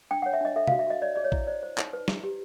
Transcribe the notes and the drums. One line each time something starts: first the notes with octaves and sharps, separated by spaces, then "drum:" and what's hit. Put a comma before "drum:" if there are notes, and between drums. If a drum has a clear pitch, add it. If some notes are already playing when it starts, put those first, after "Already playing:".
D4 G5
F#5
C#5
E5
D4 D#5
A4 E5
F5, drum: tom
F#4
E5
F#4 D#5
C#5 D5
G#4 D5
C#5
E4, drum: kick A#1
C5 D5
C5
D#4, drum: clap
B4
E4, drum: snare
G4